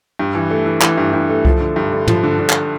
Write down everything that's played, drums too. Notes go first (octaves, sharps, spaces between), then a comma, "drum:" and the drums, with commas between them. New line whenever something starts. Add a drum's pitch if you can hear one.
G2
E3
A3
E3
E3, drum: clap
G2
G2
A3
F3, drum: kick C2
D3
G2
D3
F3, drum: tom
D3
D3
drum: clap